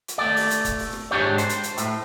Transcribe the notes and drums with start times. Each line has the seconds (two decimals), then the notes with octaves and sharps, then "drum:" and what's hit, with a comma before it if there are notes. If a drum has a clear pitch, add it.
0.08 drum: hi-hat
0.18 A3 D5
0.36 drum: open hi-hat
0.51 drum: hi-hat
0.65 drum: kick E1, hi-hat
0.79 drum: open hi-hat
0.93 drum: rim click
1.11 G#2 B2 D4 G4 C#5
1.38 C5, drum: hi-hat
1.49 drum: hi-hat
1.63 drum: hi-hat
1.78 A2, drum: hi-hat